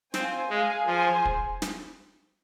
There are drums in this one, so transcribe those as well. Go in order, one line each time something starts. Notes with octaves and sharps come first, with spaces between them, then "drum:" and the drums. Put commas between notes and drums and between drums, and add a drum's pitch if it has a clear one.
C4 F4 C5 G#5, drum: snare
G#3 G#4 F5 G#5
F3 G#4 C5 G#5
drum: kick
drum: snare